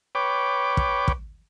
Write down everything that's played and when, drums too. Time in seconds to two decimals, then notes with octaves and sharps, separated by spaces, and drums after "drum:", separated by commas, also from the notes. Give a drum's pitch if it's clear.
0.15 B4 C#5 G5 D6
0.77 drum: kick
1.08 drum: kick